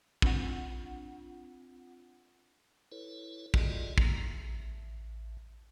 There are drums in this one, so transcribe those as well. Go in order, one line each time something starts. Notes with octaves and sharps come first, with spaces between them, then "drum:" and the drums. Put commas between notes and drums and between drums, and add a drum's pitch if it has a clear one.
C4 D4 F4 F#5, drum: kick
E4 A4 B4 C#5
F4 F#4 G#4 A4 D5 D#5, drum: kick
F3 A#3 A#5, drum: kick
A1